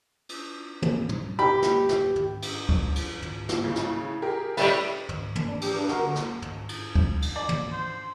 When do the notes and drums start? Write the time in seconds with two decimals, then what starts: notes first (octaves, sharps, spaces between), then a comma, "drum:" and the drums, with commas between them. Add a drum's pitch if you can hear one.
0.29 drum: cymbal
0.82 drum: tom
1.09 drum: tom
1.39 G4 B5
1.62 drum: snare
1.89 drum: snare
2.16 drum: tom
2.42 drum: cymbal
2.69 drum: kick D2
2.96 drum: cymbal
3.22 drum: tom
3.49 drum: snare
3.64 A2 C#3
3.76 drum: snare
4.22 G4 G#4 A#4
4.57 A2 G3 A3 B4 D#5 A6, drum: cymbal
5.09 drum: tom
5.36 drum: tom
5.48 D4
5.62 G4, drum: cymbal
5.75 G2 D4
5.89 F#4 A#4, drum: snare
6.02 D3
6.15 drum: snare
6.42 drum: tom
6.69 drum: cymbal
6.95 drum: kick D2
7.22 drum: cymbal
7.36 D5
7.49 drum: tom
7.72 C5